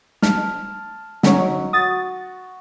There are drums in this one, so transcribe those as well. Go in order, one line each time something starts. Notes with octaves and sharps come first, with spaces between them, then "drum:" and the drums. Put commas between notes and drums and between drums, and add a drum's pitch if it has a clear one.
A5 F6, drum: snare
D3 F#3 C#4 D#4 C#5, drum: snare
F#4 D#6 A6